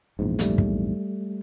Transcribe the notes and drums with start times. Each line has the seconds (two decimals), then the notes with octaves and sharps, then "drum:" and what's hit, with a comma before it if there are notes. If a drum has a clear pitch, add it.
0.19 A#1 E2 G#2
0.39 G3 A3, drum: hi-hat
0.58 drum: kick